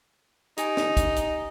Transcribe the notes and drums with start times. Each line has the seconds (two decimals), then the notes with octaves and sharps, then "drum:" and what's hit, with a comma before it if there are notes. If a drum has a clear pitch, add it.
0.58 D#4 G4 G#5, drum: hi-hat
0.77 drum: snare
0.97 drum: kick, hi-hat
1.16 drum: hi-hat